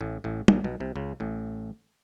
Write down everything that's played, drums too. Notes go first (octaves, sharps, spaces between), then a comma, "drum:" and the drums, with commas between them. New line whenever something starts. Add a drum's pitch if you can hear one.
A1 A2
A1 A2
A#1 A#2, drum: tom
B1 B2
C2 C3
C#2 C#3
A1 A2